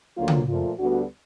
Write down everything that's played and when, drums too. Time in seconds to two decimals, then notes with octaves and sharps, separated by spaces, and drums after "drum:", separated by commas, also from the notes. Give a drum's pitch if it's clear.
0.16 D2 D3 F#3 A#3 F4
0.28 drum: tom C#3
0.47 A#2 F3 A3 F4
0.79 D2 D3 G3 B3 F#4